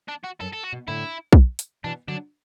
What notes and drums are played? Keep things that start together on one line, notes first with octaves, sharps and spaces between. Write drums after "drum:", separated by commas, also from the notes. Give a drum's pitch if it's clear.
D4
F#4
F#2 A4
A4
F#4
B2
A2 D3 E4
drum: kick
drum: hi-hat
B2 E3 D4
D3 F#3 D4